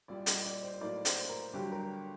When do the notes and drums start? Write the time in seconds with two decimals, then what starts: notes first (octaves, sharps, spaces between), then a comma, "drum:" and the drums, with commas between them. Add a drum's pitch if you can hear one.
0.08 A#1 A#2 G3 D5
0.26 D#5, drum: hi-hat
0.45 D5
0.63 C5
0.73 C5
0.80 A2 F#3 A#3 D#4 D5
1.05 C5, drum: hi-hat
1.29 A#4
1.53 G1 G2 D3 F#3 G4
1.72 A#4